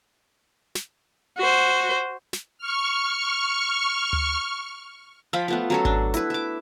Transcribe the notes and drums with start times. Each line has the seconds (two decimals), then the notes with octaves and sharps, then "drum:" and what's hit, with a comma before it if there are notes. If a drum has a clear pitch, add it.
0.75 drum: snare
1.38 F#4 C5
2.33 drum: snare
2.58 C#6 F6
4.13 drum: tom D2
5.33 F3 F4 G5 B5
5.48 A3 B3 F4
5.70 F#3 C#4 A4
5.85 D4, drum: kick G#1
6.14 E4 B4, drum: hi-hat
6.30 E5 D6